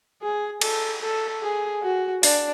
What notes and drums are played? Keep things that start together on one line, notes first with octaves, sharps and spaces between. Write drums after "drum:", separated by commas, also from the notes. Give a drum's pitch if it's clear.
G#4
A4, drum: cymbal
A4
G#4
F#4
D4, drum: open hi-hat